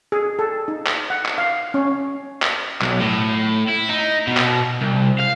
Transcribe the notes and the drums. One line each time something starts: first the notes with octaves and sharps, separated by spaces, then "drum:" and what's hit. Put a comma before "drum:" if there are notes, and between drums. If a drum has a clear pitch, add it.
G#4
A4
D#4
drum: clap
F#5
drum: clap
F5
C#4
drum: clap
B1, drum: clap
A2
E4
D#4
B2
drum: clap
C2
F5